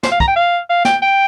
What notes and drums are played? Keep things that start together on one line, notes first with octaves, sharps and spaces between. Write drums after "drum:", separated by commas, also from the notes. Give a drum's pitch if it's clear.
C5, drum: snare
F5
A#5, drum: kick
G5
F5
F5
G5, drum: snare
G5